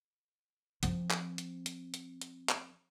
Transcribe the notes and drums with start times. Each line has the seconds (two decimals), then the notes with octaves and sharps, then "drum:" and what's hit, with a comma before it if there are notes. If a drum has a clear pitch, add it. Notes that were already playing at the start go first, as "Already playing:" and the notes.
0.83 F3 C4, drum: hi-hat
1.10 drum: clap
1.38 drum: hi-hat
1.66 drum: hi-hat
1.94 drum: hi-hat
2.21 drum: hi-hat
2.49 drum: clap